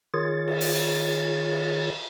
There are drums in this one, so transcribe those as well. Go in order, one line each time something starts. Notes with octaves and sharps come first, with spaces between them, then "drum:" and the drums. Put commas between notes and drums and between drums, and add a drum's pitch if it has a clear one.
D#3 F4 G#4 C#5 A6
drum: cymbal
drum: open hi-hat
drum: cymbal
drum: cymbal